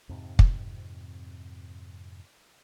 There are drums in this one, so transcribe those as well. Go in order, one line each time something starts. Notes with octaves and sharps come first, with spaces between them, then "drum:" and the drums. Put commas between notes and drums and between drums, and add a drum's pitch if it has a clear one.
F2 G#2 C3
drum: kick